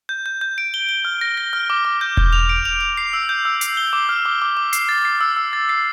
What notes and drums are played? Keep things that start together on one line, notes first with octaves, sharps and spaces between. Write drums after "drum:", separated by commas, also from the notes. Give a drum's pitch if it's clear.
G6
G6
G6
D7
G7
G7
F6
A#6
A#6
F6
D6
D6
G6
G6, drum: kick E1
F7
D7
F7
F7
C7
E6
G6
E6
C7, drum: hi-hat
G7
D6
F6
D6
D6
D6
C7, drum: hi-hat
A6
C7
E6
E6
A6
C7